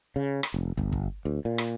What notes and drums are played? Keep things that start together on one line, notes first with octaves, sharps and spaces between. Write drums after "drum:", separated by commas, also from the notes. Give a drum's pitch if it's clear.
C#3
drum: rim click
F1
G1, drum: kick
drum: kick
D2
A#2
drum: rim click